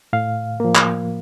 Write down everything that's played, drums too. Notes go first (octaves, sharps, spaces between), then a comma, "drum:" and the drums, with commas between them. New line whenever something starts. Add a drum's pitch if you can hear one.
A2 F5
F3 A#3
drum: clap